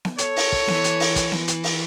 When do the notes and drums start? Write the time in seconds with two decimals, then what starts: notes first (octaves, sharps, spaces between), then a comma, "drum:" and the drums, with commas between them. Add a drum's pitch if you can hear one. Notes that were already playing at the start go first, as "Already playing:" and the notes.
0.05 drum: snare B3
0.18 A4 C#5, drum: hi-hat
0.36 drum: open hi-hat
0.52 drum: kick
0.68 E3, drum: snare B3
0.84 drum: hi-hat
1.00 drum: open hi-hat
1.16 drum: kick, hi-hat
1.32 drum: snare B3
1.48 drum: hi-hat
1.64 drum: open hi-hat